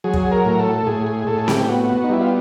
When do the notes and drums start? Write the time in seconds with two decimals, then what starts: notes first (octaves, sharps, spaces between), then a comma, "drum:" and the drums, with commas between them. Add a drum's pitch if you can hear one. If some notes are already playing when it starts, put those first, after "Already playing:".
0.04 F#3 G#4
0.14 drum: kick
0.32 A#4
0.45 A2
0.59 A4
0.87 A2 G#4
1.07 G#4
1.27 A2 A4
1.38 G#4
1.48 G4, drum: snare C4
1.68 B3 F#4
1.89 F#4
2.04 D#4
2.09 G3 E4
2.21 F4